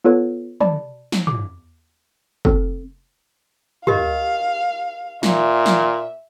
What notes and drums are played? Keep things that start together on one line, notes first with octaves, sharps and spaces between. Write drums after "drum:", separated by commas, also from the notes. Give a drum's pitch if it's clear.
B3 F4 A4 B4 C#5
D5 A5 B5, drum: tom
drum: snare
D6, drum: tom
C4 A4, drum: kick
G4 A#4 D#5 F5, drum: tom
A#2 E5, drum: snare
drum: snare